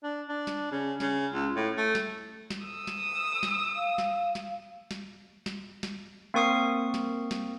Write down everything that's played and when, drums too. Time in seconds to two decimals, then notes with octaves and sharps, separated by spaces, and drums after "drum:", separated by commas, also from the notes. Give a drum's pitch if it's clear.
0.03 D4
0.29 D4
0.47 drum: snare
0.72 C#3
1.00 C#3, drum: snare
1.33 C#2
1.56 A2
1.77 A3
1.95 drum: snare
2.50 drum: snare
2.64 D#6 E6
2.87 drum: snare
3.43 drum: snare
3.76 F5
3.98 drum: snare
4.35 drum: snare
4.91 drum: snare
5.46 drum: snare
5.83 drum: snare
6.34 A#3 C4 A#4 C#6 D#6 C7
6.94 drum: snare
7.31 drum: snare